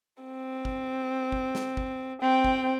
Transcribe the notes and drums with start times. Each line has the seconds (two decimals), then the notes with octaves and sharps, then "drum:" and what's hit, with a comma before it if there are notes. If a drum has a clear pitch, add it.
0.23 C4
0.65 drum: kick
1.32 drum: kick
1.55 drum: snare
1.77 drum: kick
2.22 C4 G5
2.44 drum: kick